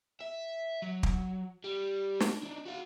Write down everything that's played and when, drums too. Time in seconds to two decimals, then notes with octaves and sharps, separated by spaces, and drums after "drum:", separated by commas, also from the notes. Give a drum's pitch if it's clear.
0.21 E5
0.82 F#3
1.03 drum: kick
1.64 G3
2.20 D4, drum: snare
2.43 D4 D#4
2.65 F#4 F5